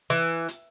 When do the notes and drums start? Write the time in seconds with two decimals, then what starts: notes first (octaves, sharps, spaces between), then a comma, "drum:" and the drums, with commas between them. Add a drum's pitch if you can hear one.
0.10 E3, drum: hi-hat
0.48 drum: hi-hat